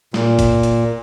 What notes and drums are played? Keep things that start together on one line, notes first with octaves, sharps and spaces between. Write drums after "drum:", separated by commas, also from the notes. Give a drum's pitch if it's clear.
A#2, drum: snare
drum: kick F#1, hi-hat
drum: hi-hat